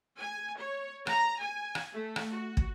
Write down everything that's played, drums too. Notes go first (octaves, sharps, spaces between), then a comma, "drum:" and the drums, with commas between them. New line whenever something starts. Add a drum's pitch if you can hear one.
G#5
C#5
A#5, drum: rim click
G#5
drum: rim click
A3
drum: rim click
F#4
drum: kick